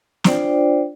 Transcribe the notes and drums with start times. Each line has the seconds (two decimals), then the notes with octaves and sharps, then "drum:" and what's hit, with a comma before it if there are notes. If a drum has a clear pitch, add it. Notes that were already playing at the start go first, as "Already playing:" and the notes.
0.24 D4 F4 C5 D5 G5, drum: snare